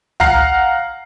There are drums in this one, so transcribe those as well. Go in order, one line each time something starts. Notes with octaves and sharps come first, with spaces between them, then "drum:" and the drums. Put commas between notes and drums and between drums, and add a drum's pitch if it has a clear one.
F5 F#5 A#5 F6 C7, drum: tom